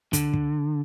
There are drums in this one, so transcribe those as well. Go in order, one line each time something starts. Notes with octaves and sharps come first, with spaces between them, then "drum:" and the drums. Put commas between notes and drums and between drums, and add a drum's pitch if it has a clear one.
D3, drum: kick, hi-hat
drum: kick